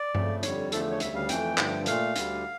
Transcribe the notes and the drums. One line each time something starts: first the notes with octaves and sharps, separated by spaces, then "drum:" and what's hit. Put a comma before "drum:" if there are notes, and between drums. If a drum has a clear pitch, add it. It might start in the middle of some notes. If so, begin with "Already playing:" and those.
Already playing: D5
F2 C#3 F3 A3, drum: tom G2
F2 D3 G3 C#5, drum: hi-hat
E2 D3 F3 A3 A4, drum: hi-hat
C#5
D2 C#3 G3 E5, drum: hi-hat
F5
F2 E3 A3 G5, drum: hi-hat
G2 D3 F3 A3, drum: clap
A#2 A3 F5, drum: hi-hat
D2 D3 G3, drum: hi-hat